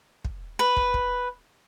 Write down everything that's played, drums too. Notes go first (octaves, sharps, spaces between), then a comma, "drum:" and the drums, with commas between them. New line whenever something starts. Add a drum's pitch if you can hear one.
drum: kick
B4
drum: kick
drum: kick